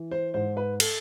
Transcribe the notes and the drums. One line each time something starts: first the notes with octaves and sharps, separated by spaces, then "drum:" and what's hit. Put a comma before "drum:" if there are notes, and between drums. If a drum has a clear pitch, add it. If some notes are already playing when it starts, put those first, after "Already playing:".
Already playing: E3
C5
G#2 C5
B4
A4, drum: cymbal